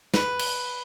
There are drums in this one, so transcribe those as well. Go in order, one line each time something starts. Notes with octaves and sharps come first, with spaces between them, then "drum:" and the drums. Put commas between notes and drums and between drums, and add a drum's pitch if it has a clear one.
B4, drum: snare
drum: cymbal